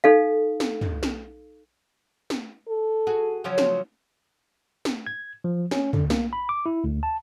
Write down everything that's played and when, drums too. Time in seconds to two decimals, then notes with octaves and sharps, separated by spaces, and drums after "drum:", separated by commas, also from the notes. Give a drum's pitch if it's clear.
0.04 D#4 A4 F5
0.60 drum: snare
0.81 drum: tom
1.03 drum: snare
2.30 drum: snare
2.68 A4
3.07 F#4 G#4
3.44 C#3 F3 F#3
3.58 drum: snare
4.85 drum: snare
5.07 G#6
5.44 F3
5.71 C#4, drum: snare
5.93 D3, drum: tom
6.10 A#3, drum: snare
6.33 B5
6.49 D6
6.66 E4
6.84 D2
7.03 A5